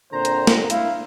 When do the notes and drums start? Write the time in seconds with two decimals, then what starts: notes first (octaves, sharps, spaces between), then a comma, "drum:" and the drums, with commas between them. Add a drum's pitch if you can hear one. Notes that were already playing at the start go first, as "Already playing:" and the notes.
0.12 A#2 D3 C4 C5 A#5
0.25 drum: hi-hat
0.47 drum: snare
0.70 E4 F5, drum: hi-hat